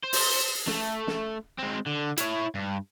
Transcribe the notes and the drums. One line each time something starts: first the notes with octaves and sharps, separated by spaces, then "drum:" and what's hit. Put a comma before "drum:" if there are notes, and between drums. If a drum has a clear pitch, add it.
C5
drum: open hi-hat
A3, drum: snare
drum: snare
G#3 C4
D3
E4 C#5, drum: hi-hat
G2